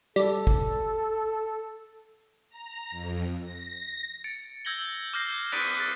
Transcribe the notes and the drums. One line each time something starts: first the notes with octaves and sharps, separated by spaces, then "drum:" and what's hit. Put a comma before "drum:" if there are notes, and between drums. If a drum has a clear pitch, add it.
G3 A4, drum: hi-hat
drum: kick
A#5
F2
A#6
A6 C#7 D7
E6 G6 G#6 A#6 F#7 G7
D6 F6 G6 A#6 C7
F6 F#6 A6 B6 D7 D#7, drum: cymbal
A6